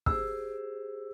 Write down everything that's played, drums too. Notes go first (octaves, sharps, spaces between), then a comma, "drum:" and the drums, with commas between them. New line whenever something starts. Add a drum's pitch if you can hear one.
G4 G#4 C5 E6, drum: kick